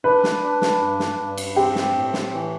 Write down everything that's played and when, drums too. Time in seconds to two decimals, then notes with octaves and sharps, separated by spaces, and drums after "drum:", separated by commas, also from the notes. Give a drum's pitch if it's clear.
0.04 D4 B4
0.24 drum: snare
0.43 D4
0.62 drum: snare
0.81 G2
1.00 drum: snare
1.18 G2
1.38 drum: cymbal
1.56 C4 G4
1.75 drum: snare
1.95 A2
2.13 drum: snare
2.32 E3